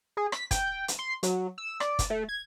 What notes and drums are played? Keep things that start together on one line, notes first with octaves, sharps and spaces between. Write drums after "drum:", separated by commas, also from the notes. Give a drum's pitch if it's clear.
G#4
B6, drum: rim click
G5, drum: kick, hi-hat
drum: hi-hat
C6
F#3, drum: hi-hat
E6
D5, drum: rim click
drum: kick, hi-hat
A3
G#6